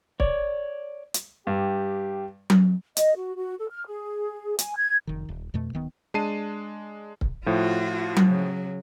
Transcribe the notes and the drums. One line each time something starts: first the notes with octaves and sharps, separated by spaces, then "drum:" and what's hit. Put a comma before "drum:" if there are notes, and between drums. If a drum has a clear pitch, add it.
C#5 D5, drum: kick C#1
drum: hi-hat
G2 G4
drum: tom F#3
D#5, drum: hi-hat
F#4
F#4
A4
F6
G#4
G#5, drum: hi-hat
G#6
F1 D#3
D#1
F2 B2 A3
D1 D#3 B3
G#3 D4 A5 C7 D#7
drum: kick C#1
A2 F3 F4 F#4
drum: tom F#3
C#3 F#3